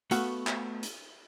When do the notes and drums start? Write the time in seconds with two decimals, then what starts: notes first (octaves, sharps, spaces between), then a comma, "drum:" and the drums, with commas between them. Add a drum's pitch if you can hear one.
0.11 A3 B3 F#4 F5, drum: hi-hat
0.47 drum: clap
0.83 drum: hi-hat